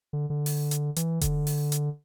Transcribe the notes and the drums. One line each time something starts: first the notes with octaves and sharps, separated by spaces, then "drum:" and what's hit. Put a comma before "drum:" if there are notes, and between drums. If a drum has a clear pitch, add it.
D3
D3
drum: open hi-hat
drum: hi-hat
E3, drum: hi-hat
D3, drum: kick F1, hi-hat
drum: open hi-hat
drum: hi-hat